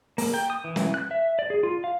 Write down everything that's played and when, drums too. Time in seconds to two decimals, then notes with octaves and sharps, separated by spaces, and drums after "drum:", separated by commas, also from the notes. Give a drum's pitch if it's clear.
0.18 A#3, drum: open hi-hat
0.34 G5
0.50 D#6
0.64 E3
0.76 drum: snare
0.94 F#6
1.11 E5
1.39 D5
1.50 G#4
1.63 F4
1.84 F5